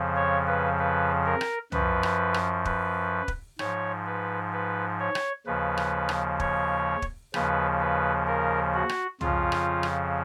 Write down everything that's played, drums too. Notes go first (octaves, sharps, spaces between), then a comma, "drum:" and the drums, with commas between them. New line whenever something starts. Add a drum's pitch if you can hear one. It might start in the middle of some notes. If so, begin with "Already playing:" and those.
Already playing: F2 C#3 F3
C#5
B4
B4
A#4
drum: rim click
F#2 F3 B4, drum: tom
drum: rim click
drum: rim click
B4, drum: kick
drum: kick
G#2 F3 C#5, drum: rim click
B4
B4
C#5
drum: rim click
D#2 C#3 F3 B4
drum: rim click
drum: rim click
C#5, drum: kick
drum: kick
D#2 C#3 F3 B4, drum: rim click
B4
A#4
F#4
drum: rim click
F2 C#3 F3 F4, drum: tom
drum: rim click
drum: rim click